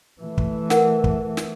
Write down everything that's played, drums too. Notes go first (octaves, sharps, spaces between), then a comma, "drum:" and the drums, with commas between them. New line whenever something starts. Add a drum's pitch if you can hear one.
E3 A3
drum: kick
A#4 F#5, drum: snare
drum: kick
drum: snare